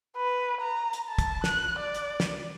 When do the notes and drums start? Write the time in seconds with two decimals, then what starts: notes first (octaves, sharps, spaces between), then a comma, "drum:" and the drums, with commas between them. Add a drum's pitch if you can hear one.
0.17 B4
0.61 A#5
0.93 drum: hi-hat
1.09 A5
1.18 drum: kick, hi-hat
1.44 F#6, drum: snare
1.79 D5
1.94 drum: hi-hat
2.20 drum: snare